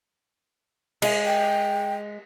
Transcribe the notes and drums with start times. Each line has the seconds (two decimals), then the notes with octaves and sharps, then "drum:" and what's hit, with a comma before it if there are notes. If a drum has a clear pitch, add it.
1.02 G#3, drum: cymbal
1.26 G5